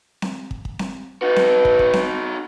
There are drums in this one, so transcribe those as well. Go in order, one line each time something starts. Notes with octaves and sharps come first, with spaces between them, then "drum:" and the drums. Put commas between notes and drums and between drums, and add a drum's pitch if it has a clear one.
drum: snare C4
drum: kick
drum: kick
drum: snare C4
D#4 F#4 B4
drum: snare C4
drum: kick
drum: kick
drum: snare C4